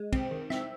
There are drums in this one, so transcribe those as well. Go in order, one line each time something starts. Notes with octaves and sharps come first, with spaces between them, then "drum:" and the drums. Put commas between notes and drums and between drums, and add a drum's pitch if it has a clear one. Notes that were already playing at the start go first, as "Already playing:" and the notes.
Already playing: G#3
C4, drum: kick, cymbal
D#3
C4 E5, drum: snare